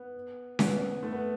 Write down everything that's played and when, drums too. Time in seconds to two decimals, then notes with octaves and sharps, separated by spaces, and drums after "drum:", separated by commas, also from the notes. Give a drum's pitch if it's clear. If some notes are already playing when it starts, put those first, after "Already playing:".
Already playing: B3
0.59 B3, drum: snare C#4
1.03 A3
1.13 B3